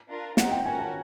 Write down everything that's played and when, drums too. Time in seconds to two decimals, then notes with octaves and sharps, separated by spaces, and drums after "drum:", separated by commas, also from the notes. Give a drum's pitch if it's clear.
0.09 D4 F4 A#4
0.37 C4 D#4 G4 F#5, drum: snare
0.51 G5
0.66 C#4 F#4 A#4 G#5
0.79 A5